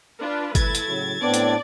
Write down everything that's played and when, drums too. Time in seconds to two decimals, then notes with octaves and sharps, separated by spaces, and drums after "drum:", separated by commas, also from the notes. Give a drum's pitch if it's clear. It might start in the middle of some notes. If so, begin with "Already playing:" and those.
0.20 D4 F4 B4
0.55 A3 E4 G#6 A6, drum: kick G1, hi-hat
0.75 drum: hi-hat
0.87 A2 C#3 F#3
1.21 A2 B3 C4 D4 D5
1.34 drum: hi-hat